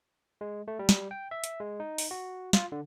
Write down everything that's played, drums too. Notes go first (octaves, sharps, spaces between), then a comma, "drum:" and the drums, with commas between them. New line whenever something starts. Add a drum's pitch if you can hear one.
G#3
A3
G3
drum: snare
G5
E5
drum: hi-hat
G#3
D#4
drum: open hi-hat
F#4
F4, drum: snare
D3